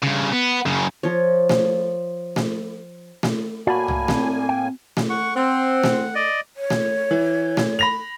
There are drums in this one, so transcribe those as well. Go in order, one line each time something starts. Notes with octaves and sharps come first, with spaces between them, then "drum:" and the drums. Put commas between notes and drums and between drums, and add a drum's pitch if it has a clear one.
G2 C#3
B3
F#2 C#3
F3 C#5
drum: snare A3
drum: snare A3
drum: snare A3
A2 A#3 F#4 D5 G#5 A5 B5
drum: tom C2
C4, drum: snare A3
G5
drum: snare A3
F#5 C#6
C4 F#5
drum: snare A3
D5 D#5
C#5
drum: snare A3
E3
drum: snare A3
B5 A#6 F7